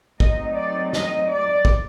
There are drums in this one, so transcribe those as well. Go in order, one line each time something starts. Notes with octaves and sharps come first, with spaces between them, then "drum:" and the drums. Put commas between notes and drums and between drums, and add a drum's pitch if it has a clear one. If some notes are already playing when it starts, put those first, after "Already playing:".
F#3 A3 C4 D#4 D#5, drum: kick
D5
D#5, drum: snare
D5
drum: kick